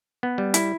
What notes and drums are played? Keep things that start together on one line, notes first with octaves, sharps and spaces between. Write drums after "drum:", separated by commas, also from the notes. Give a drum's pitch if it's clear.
B3
G3
E4, drum: hi-hat